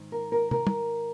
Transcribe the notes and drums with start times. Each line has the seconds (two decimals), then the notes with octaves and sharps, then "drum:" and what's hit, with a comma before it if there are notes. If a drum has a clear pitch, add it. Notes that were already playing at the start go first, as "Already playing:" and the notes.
Already playing: G#2 D#3
0.12 A#4
0.32 A#4
0.51 A#4, drum: tom
0.67 drum: tom